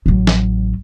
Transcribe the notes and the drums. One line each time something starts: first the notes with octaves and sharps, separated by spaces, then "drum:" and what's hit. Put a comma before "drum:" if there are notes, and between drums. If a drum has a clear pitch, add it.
A1 F#3
drum: snare